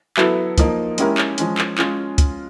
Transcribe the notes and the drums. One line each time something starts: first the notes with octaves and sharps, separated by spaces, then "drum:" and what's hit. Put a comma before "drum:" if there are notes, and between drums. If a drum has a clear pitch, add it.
F#3 B3 E4 A4, drum: clap
F3 A#3 D#4, drum: kick C#2, hi-hat
G#3 C#4 E4 G4 A#4, drum: hi-hat
drum: clap
F3 G#3 C#4, drum: hi-hat
drum: clap
G#3 C#4 F4, drum: clap
drum: kick C#2, hi-hat